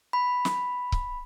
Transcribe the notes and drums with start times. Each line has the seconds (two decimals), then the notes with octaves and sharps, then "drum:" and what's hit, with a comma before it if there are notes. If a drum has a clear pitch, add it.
0.13 B5
0.45 drum: snare
0.92 drum: kick C#1